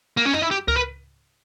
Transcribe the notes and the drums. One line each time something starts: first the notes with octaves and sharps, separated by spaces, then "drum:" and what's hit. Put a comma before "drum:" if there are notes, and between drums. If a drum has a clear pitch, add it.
A#3
C#4
D#4, drum: tom
E4
G4
A#4, drum: kick C#2
B4